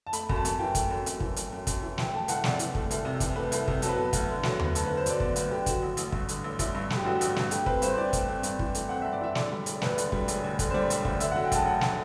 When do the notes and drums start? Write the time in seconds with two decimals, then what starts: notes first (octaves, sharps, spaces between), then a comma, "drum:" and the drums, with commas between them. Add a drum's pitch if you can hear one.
0.07 A5
0.13 A3 B5, drum: hi-hat
0.29 F#2, drum: kick
0.36 A5
0.45 F#2, drum: hi-hat
0.59 E3 G5
0.75 A3, drum: kick, hi-hat
0.91 F#2
1.06 F#2, drum: hi-hat
1.20 E3, drum: kick
1.36 A3, drum: hi-hat
1.52 F#2
1.67 F#2, drum: kick, hi-hat
1.83 E3
1.98 E3 G5, drum: snare
2.13 A3 A5
2.28 C2 F#5, drum: hi-hat
2.44 C3 D5, drum: snare
2.59 E3, drum: hi-hat
2.75 A3, drum: kick
2.91 C2, drum: hi-hat
3.05 C3
3.20 E3, drum: kick, hi-hat
3.36 A3 B4
3.52 C2, drum: hi-hat
3.68 C3, drum: kick
3.82 F#3 A4, drum: hi-hat
3.89 B4
3.97 B3 A4
4.13 D2, drum: kick, hi-hat
4.29 D3
4.43 F#3, drum: snare
4.60 B3 B4, drum: tom D#2
4.75 D2 A4, drum: hi-hat
4.86 D3 B4
4.97 C5
5.06 F#3 D5, drum: hi-hat
5.20 B3 D5, drum: kick
5.36 D2 B4, drum: hi-hat
5.51 D3 G4
5.66 D3 F#4, drum: kick, hi-hat
5.83 A1
5.97 A1, drum: hi-hat
6.12 G2, drum: kick
6.29 D3, drum: hi-hat
6.44 A1
6.59 A1 E4, drum: kick, hi-hat
6.75 G2
6.90 D3, drum: snare
6.97 G4
7.05 A1 F#4
7.21 A1, drum: hi-hat
7.36 G2, drum: snare
7.51 A3 G4, drum: hi-hat
7.66 C4 B4, drum: kick
7.82 G2 C5, drum: hi-hat
7.94 C5
7.97 E3 D5
8.13 A3, drum: kick, hi-hat
8.28 C4
8.43 G2, drum: hi-hat
8.59 E3, drum: kick
8.75 A3, drum: hi-hat
8.89 C4 F#5
9.02 G2 E5
9.12 D5
9.21 E3 E5
9.35 D3 D5, drum: snare
9.52 G3
9.66 E1, drum: hi-hat
9.82 D2 B4, drum: snare
9.98 D3, drum: hi-hat
10.12 G3, drum: kick
10.28 E1, drum: hi-hat
10.44 D2
10.59 D3, drum: kick, hi-hat
10.70 C5
10.74 G3 D5
10.90 E1, drum: hi-hat
11.05 D2, drum: kick
11.20 D3 E5, drum: hi-hat
11.32 F#3 F#5
11.44 G5
11.52 E1 A5, drum: kick, hi-hat
11.66 D2 F#5
11.81 D3 F#5, drum: snare